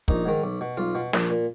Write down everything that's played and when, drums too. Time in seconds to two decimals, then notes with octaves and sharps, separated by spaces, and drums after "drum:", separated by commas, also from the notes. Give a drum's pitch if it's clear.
0.08 A#1 D#4, drum: kick
0.26 G#2 D#3
0.43 B1
0.61 B2
0.77 B1 F4
0.95 B2
1.13 A#1, drum: snare
1.30 A#2